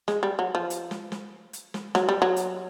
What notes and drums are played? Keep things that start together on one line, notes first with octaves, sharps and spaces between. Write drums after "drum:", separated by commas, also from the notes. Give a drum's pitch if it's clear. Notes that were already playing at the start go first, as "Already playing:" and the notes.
G#3, drum: snare
G3
F#3
F3
drum: hi-hat
drum: snare
drum: snare
drum: hi-hat
drum: snare
F#3, drum: snare
G3
F#3
drum: hi-hat